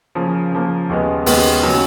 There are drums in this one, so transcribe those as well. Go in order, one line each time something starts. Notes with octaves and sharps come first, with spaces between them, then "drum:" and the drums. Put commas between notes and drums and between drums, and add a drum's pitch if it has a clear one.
C#3 F3 A#3
C#3 F3 A#3
D#2 C#3 G#3 B3
D#2 C#3 G#3 B3, drum: open hi-hat
C#3 F#3